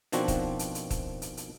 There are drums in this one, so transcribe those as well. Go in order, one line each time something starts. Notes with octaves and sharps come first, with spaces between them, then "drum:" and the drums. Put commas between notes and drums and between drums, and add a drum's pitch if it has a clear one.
B2 D#3 F3 C4 D4 F#4, drum: hi-hat
drum: kick, hi-hat
drum: hi-hat
drum: hi-hat
drum: kick, hi-hat
drum: hi-hat
drum: hi-hat